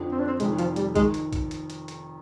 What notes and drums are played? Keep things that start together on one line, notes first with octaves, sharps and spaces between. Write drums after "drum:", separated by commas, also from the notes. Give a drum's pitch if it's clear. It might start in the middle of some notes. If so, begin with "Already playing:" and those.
Already playing: F2 D3 F3
C4
D4
C4
F1 F2 D#3 G#3, drum: hi-hat
F3, drum: hi-hat
G3, drum: hi-hat
D#3 G#3, drum: kick, hi-hat
drum: hi-hat
drum: kick, hi-hat
drum: hi-hat
drum: hi-hat
drum: hi-hat